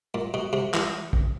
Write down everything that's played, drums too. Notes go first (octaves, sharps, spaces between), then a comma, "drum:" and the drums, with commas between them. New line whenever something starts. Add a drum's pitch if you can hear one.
A#2
B2
C3
E3, drum: clap
drum: kick